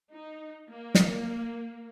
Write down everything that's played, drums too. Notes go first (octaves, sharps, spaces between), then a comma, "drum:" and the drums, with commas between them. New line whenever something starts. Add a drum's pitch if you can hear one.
D#4
A#3
drum: snare